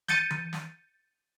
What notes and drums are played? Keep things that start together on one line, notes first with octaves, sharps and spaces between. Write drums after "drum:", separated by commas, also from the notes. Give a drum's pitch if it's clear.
G6 A6 C#7 D#7, drum: snare
drum: tom E3
drum: snare